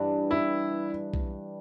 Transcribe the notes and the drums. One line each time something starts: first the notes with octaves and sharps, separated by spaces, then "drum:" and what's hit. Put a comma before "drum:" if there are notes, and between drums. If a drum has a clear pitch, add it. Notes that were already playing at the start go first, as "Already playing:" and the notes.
Already playing: G2 E3 G3 D4
E4
drum: kick B1